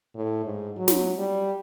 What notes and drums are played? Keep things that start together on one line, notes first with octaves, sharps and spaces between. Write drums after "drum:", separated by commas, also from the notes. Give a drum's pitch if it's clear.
A2
G#2
F#3
drum: snare
G3